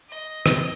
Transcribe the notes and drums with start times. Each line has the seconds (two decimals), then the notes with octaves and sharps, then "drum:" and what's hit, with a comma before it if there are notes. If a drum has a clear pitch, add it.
0.10 D#5
0.46 drum: rim click